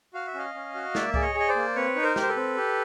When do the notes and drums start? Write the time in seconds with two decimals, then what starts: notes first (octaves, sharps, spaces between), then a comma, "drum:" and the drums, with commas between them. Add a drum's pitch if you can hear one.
0.14 F#4 F5
0.27 E5
0.34 C#4 D#5 F5
0.54 C#4
0.75 F#4
0.95 A#3 D5 E5, drum: snare
1.14 G#4 D5, drum: kick C2
1.22 C#5 D#5
1.35 G#4
1.40 D#5
1.48 C5 D5
1.56 A#3
1.76 C4 B4 C#5
1.96 D#4
2.02 A#4 C5
2.16 G4, drum: snare
2.22 C5
2.29 A4 B4
2.36 C4
2.56 G4